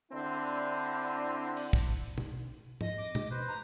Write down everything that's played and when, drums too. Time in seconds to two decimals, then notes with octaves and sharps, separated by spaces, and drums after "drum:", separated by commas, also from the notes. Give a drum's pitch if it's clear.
0.12 D3 C4 D4 E4
1.57 drum: open hi-hat
1.73 drum: kick
2.18 drum: tom
2.81 D#5, drum: tom G#2
2.98 D6
3.15 drum: tom
3.31 B4 C5
3.47 A#5